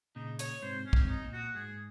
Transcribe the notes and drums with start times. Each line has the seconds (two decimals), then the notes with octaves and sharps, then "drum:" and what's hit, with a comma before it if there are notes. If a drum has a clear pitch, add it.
0.16 A#2 C#3 D#4
0.39 C#5, drum: hi-hat
0.62 G#2 C3 C5
0.86 C#4
0.93 G#2 C3, drum: kick
1.09 D#4
1.25 A#2
1.33 F#4
1.55 G#2 G#4